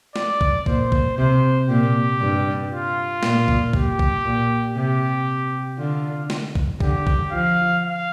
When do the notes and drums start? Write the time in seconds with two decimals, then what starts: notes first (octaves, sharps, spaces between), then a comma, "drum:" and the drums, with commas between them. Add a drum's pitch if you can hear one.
0.16 D5, drum: snare
0.41 drum: kick
0.66 A#2 C5, drum: kick
0.92 drum: kick
1.17 C3 C5
1.69 A#2 G4
2.20 G2
2.71 F4
3.23 A#2, drum: snare
3.48 drum: kick
3.73 G4, drum: kick
3.99 drum: kick
4.25 A#2
4.76 C3 G4
5.78 D3 F4
6.30 drum: snare
6.55 drum: kick
6.80 D3 G4, drum: kick
7.07 drum: kick
7.32 F3 F5
7.83 F5